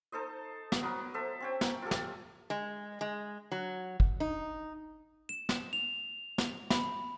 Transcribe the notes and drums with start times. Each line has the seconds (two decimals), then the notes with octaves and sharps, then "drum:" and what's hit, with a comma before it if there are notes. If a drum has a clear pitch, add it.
0.12 D#4 A4 C5 D#5
0.72 drum: snare
0.81 F#3 B3 A#4 D#6
1.14 A4 C5 E5
1.40 C4 C#4 G5
1.61 A#4, drum: snare
1.82 F4 G4 A4
1.91 drum: snare
2.50 G#3
3.01 G#3
3.52 F#3
4.00 drum: kick
4.20 D#4
5.29 E7
5.49 drum: snare
5.73 F7
6.38 drum: snare
6.70 B5, drum: snare